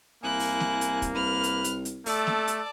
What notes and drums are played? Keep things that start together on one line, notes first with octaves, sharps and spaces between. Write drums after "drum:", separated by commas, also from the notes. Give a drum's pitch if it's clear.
C2 A#3 E4 G#5 F#6
drum: open hi-hat
drum: snare
drum: hi-hat
drum: kick, hi-hat
C2 B4 F6
drum: hi-hat
drum: hi-hat
drum: hi-hat
A3 A4 D5 A5, drum: open hi-hat
drum: snare
drum: hi-hat